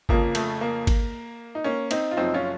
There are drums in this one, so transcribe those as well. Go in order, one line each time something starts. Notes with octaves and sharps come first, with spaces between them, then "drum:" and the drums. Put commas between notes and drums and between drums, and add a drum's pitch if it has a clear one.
F2 C#3 F3 A#3, drum: kick G#1
A3, drum: cymbal
A#3
drum: kick G#1, cymbal
D#4
A#3 C#4
C4 D#4, drum: cymbal
F4
F#1 F#2 F3 C4 D#4
C#4 F4